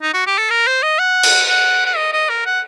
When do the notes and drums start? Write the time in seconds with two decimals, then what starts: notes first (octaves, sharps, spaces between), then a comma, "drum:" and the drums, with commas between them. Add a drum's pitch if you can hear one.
0.02 D#4
0.13 F#4
0.26 G4
0.38 A4
0.50 A#4
0.67 C5
0.83 D#5
0.98 F#5
1.23 drum: cymbal
1.48 F#5
1.86 F#5
1.96 D#5
2.13 D#5
2.29 A#4
2.46 F#5